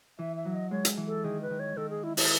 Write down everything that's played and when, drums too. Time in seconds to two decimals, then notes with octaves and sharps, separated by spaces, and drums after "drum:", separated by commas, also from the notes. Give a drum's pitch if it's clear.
0.19 E3 E5
0.36 E5
0.45 F#3
0.54 D#5
0.71 G#3 C#5
0.85 drum: hi-hat
0.97 E3
1.07 A4
1.24 D#3 G#4
1.42 B4
1.50 D#3
1.60 C#5
1.77 D#3 A4
1.90 G#4
2.04 E4
2.17 E4, drum: open hi-hat